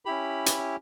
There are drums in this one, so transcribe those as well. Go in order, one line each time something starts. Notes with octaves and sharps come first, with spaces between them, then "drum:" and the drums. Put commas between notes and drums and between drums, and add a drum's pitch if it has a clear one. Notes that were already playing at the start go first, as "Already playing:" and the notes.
C#4 E4 G4 B5
drum: hi-hat